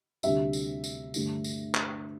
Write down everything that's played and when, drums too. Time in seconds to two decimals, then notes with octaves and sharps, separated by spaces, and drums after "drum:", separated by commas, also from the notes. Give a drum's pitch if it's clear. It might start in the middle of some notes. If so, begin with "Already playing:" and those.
0.23 D2 C3 G3 E5, drum: tambourine
0.53 drum: tambourine
0.84 drum: tambourine
1.14 G2 D3 A3, drum: tambourine
1.44 drum: tambourine
1.75 drum: clap